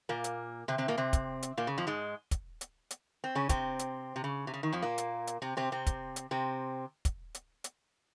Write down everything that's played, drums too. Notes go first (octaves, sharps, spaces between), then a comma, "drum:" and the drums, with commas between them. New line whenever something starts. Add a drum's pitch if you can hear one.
A#2 A#3
drum: hi-hat
C3 C4
C3 C4
A#2 A#3
C3 C4
drum: kick, hi-hat
drum: hi-hat
A#2 A#3
C#3
F2 F3
G#2 G#3
drum: kick, hi-hat
drum: hi-hat
drum: hi-hat
C4
C#3 C#4
C3 C4, drum: kick, hi-hat
drum: hi-hat
C3
C#3
C3
C#3
D#3
F2 F3
A#2 A#3
drum: hi-hat
drum: hi-hat
C3 C4
C3 C4
C3 C4
drum: kick, hi-hat
drum: hi-hat
C3 C4
drum: kick, hi-hat
drum: hi-hat
drum: hi-hat